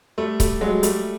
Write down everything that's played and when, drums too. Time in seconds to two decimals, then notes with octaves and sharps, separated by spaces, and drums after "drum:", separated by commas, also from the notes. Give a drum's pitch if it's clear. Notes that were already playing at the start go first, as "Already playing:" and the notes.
0.18 G3 A3
0.40 G3 A3, drum: kick C#1, hi-hat
0.61 F#3 G#3
0.83 G3 A3, drum: hi-hat